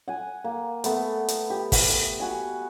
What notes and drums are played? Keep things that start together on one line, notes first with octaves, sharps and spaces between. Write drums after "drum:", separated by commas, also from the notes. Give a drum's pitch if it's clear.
F#5 G#5
A#3
A3 B3, drum: hi-hat
drum: hi-hat
G4
drum: kick, open hi-hat
F#4 G#5